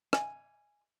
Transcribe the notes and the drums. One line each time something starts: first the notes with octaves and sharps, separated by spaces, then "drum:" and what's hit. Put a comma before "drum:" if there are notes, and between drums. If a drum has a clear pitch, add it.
G#5, drum: rim click